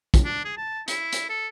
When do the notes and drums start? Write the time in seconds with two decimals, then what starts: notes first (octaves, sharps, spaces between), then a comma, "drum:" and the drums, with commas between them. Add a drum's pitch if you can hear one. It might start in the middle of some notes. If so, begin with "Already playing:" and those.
0.14 drum: kick, hi-hat
0.25 D4
0.45 G#4
0.57 A5
0.88 E4, drum: hi-hat
1.12 drum: hi-hat
1.30 A4